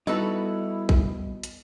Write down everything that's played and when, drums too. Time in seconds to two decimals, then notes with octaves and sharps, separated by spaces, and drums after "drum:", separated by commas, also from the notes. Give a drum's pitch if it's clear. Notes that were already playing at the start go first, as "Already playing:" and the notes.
0.07 G3 B3 D#4 E4 F#4 A4 B4
0.89 drum: kick A#1
1.43 drum: hi-hat